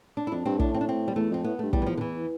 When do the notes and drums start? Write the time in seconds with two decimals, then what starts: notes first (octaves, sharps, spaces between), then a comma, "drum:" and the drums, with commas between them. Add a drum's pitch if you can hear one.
0.17 D4
0.27 E4
0.32 F2 D4
0.45 G2 C4
0.59 A2 D4, drum: kick
0.74 C4
0.81 D4
0.89 C4
1.08 G3
1.16 E2 A3
1.31 F2 C4
1.44 A2 B3
1.59 G2 A3
1.73 E2 G3, drum: kick
1.82 E3
1.86 F3
1.97 D3
2.01 E3